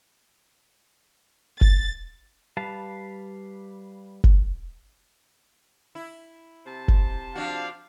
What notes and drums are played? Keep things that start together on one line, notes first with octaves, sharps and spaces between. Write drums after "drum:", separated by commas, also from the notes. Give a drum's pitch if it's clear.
A6, drum: kick
G3 B4 F5 A5
drum: kick
E4
C3 C5 A5
drum: kick
F3 D4 F#4 F5